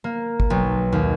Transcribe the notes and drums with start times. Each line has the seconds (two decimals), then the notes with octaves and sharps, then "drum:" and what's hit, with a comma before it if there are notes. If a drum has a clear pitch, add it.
0.04 A#3
0.40 drum: kick
0.50 B1
0.92 D#2